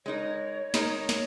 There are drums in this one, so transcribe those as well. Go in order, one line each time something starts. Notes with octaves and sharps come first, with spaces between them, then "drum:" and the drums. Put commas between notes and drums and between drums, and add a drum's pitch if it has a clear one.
G#3 D#4 A#4 C#5
G#3 D#4 A#4, drum: snare
drum: snare